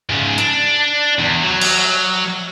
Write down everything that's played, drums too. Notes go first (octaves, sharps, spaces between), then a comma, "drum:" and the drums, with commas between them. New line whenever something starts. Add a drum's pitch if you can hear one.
G#2 C#3
D4, drum: hi-hat
E2
F#3
drum: cymbal